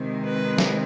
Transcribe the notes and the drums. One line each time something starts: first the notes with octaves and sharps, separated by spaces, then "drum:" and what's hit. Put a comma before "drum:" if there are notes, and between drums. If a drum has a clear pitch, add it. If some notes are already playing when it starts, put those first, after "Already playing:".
Already playing: C3 D#3 G#3 C4
B4
drum: snare